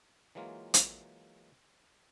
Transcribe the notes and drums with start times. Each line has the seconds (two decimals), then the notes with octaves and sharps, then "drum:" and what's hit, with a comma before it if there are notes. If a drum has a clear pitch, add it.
0.35 E3 F#3 G#3 A#3 F4
0.74 drum: hi-hat